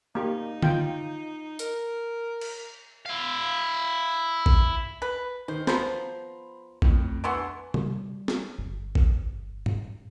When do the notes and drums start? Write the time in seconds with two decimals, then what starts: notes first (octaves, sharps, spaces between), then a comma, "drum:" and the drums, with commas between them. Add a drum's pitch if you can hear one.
0.15 A#3 D#4 G4
0.62 F4 G5, drum: tom D3
1.59 A#4, drum: hi-hat
2.41 drum: cymbal
3.06 E4 F5
4.46 drum: kick
5.02 B4
5.48 D#3 C5
5.67 F3 B3 C5 A#5 B5, drum: snare
6.82 F2 A2, drum: kick
7.24 D3 E3 B3 F#5 C6 C#6
7.74 G3, drum: tom C3
8.28 drum: snare
8.58 G1
8.95 drum: kick
9.66 drum: tom G#2